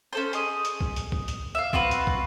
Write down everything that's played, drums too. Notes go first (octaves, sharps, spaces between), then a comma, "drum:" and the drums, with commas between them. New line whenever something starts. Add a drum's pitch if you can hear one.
C#4 A4 C5
G#4 D#5, drum: hi-hat
drum: hi-hat
drum: kick
drum: hi-hat
drum: kick
drum: hi-hat
E5 F5
C4 F4 F#4 B4, drum: kick
drum: hi-hat
drum: kick